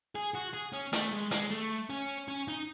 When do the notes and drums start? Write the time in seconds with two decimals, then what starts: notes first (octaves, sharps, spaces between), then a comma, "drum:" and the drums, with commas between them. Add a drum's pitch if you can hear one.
0.15 G#4
0.34 F#4
0.53 G#4
0.72 C#4
0.93 A3, drum: hi-hat
1.12 G#3
1.31 G#3, drum: hi-hat
1.50 A3
1.90 C#4
2.28 C#4
2.48 D#4